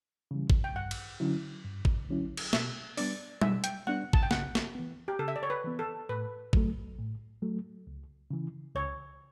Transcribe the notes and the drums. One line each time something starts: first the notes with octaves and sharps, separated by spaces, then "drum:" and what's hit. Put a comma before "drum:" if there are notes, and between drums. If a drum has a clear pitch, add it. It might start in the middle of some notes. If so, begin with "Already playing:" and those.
C#3 E3 G3
drum: kick G#1
G5
G2 F#5
drum: cymbal
D3 F#3 C#4 E4
G2
drum: kick G#1
D3 F#3 C#4 E4
drum: cymbal
B2 E5, drum: snare
G3 B3 D4 D5, drum: open hi-hat
B2 E5, drum: tom G3
G5, drum: hi-hat
G3 B3 D4 F#5
A5, drum: kick G#1
G5
C#3 F#5, drum: snare
drum: snare
E3 B3
G4
C#3 A4
E5
D5
C#5
B4
E3 B3
A4
A2 B4
F#3 A3, drum: kick G#1
A2
F#3 A3
C#2
C#3 E3
C#2 C#5